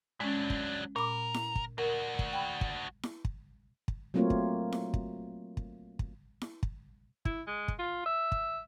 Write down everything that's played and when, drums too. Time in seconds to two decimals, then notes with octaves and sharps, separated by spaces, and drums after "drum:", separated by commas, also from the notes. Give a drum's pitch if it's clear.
0.20 F#3 G#3 C#4 D4
0.50 drum: kick
0.96 A#2 A#4 B5 D6
1.34 drum: snare E4
1.56 drum: kick
1.78 D4 F#4 A#4
2.19 drum: kick
2.33 G5 B5
2.61 drum: kick
3.03 drum: snare E4
3.25 drum: kick
3.88 drum: kick
4.14 F#3 A3 A#3 C4 F4 C#5
4.30 drum: kick
4.72 drum: snare E4
4.94 drum: kick
5.57 drum: kick
5.99 drum: kick
6.41 drum: snare E4
6.63 drum: kick
7.25 E4, drum: kick
7.47 G#3
7.68 drum: kick
7.79 F4
8.06 E5
8.32 drum: kick